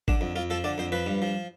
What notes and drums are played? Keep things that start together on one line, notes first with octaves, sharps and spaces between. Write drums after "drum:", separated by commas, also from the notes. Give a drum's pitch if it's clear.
D3 D4, drum: kick G#1
F2
F2 F4
F3 A4
D3 D5
F2 C5
F3 B4
G2
F3